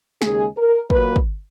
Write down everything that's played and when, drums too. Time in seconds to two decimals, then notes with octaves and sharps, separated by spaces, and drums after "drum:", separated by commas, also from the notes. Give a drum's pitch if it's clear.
0.22 D#2 C#3 G#3 G#4, drum: snare
0.56 A#4
0.90 A#2 F#3 A#3 B4, drum: kick
1.16 drum: kick